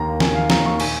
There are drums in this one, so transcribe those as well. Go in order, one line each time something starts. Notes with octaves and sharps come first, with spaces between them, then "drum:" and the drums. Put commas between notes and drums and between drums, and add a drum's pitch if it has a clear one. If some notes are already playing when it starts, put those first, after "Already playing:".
Already playing: D#2 A#3 A#5
D#3 G#5, drum: snare
F5
D#2 A#5, drum: snare
C#6
A#2 G#5, drum: cymbal